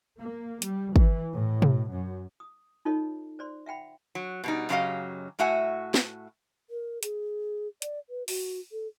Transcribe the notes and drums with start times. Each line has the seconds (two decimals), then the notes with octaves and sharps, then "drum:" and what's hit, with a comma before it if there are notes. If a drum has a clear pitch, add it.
0.18 A#3
0.62 G3, drum: hi-hat
0.96 E3, drum: kick
1.34 A2
1.62 drum: tom B2
1.91 F#2
2.40 D#6
2.85 D#4 F4 A4 C#5 D#5
3.39 C5 D5 C6
3.66 E5 F#5 G5 B5
4.15 F#3
4.44 B2 G3 D#4
4.69 F#2 C#3 F#3 G4 D#5 F5
5.39 A2 A3 F#4 E5 F#5 G#5
5.94 drum: snare
6.70 A#4
7.03 G#4, drum: hi-hat
7.82 D5, drum: hi-hat
8.10 B4
8.28 F#4, drum: open hi-hat
8.72 A4